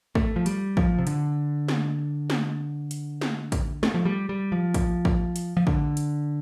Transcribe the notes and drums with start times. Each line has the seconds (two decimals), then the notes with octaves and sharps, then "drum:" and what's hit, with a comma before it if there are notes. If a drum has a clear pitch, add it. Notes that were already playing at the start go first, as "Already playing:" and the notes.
0.15 A3, drum: kick
0.36 F3
0.46 G3, drum: hi-hat
0.77 F3, drum: kick
0.98 C3
1.07 D3, drum: hi-hat
1.68 drum: snare
2.30 drum: snare
2.91 drum: hi-hat
3.21 drum: snare
3.52 drum: kick, hi-hat
3.83 A3, drum: snare
3.94 F3
4.05 G3
4.29 G3
4.52 F3
4.74 drum: kick, hi-hat
5.05 drum: kick
5.36 drum: hi-hat
5.57 F3
5.67 D3, drum: kick
5.97 drum: hi-hat